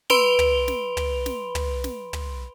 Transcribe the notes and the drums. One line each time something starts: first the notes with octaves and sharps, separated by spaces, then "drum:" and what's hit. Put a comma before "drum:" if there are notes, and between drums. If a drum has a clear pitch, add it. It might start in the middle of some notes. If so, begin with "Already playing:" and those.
B4 B5 C6 D7 F7 G7, drum: snare
drum: tom
drum: snare
drum: tom
drum: snare
drum: tom
drum: snare
drum: tom